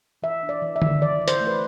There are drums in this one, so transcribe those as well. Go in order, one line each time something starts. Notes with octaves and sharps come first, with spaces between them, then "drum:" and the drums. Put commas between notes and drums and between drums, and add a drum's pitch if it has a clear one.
E3 E5
D4
D5
E3
E5
E3, drum: tom D3
E3 D5
E3
C5, drum: hi-hat
A3
B4